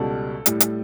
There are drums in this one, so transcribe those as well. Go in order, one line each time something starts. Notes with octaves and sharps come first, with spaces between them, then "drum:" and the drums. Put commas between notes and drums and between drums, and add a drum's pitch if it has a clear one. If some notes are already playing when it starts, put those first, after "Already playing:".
Already playing: C#2 B2 G3 A4
A2 G3, drum: hi-hat
drum: hi-hat